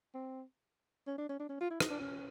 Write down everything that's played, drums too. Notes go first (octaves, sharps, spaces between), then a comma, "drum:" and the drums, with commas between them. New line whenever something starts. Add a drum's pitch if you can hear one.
C4
C#4
D4
C#4
D4
C#4
F4
E4
D#4, drum: rim click
D4
C#4